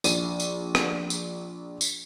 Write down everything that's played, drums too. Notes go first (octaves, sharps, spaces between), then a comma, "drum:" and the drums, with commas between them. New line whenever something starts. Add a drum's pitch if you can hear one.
A#1 D#7, drum: tambourine
drum: tambourine
drum: rim click
drum: tambourine
drum: tambourine